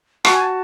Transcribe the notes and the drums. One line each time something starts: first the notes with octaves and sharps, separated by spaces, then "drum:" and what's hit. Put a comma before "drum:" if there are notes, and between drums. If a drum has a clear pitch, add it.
F#4 A5, drum: rim click
G#5
A5